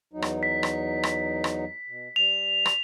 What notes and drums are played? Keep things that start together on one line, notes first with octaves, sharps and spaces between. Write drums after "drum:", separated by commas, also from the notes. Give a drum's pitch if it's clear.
E2 F#3 D#4
drum: rim click
B6
drum: rim click
drum: rim click
drum: rim click
B2
G3 F7
drum: rim click